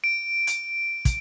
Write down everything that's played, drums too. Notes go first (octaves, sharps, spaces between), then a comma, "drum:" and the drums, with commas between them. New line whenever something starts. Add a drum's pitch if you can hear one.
D7
drum: hi-hat
drum: kick, hi-hat